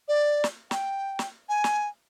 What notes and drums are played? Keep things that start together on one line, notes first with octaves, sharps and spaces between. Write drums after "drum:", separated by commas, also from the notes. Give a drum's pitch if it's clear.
D5
drum: snare
G5, drum: snare
drum: snare
G#5
drum: snare